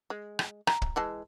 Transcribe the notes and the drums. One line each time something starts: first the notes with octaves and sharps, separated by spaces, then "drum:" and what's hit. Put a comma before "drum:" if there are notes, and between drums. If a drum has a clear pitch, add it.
G#3
drum: rim click
A#5, drum: rim click
drum: kick
E3 G#3 A5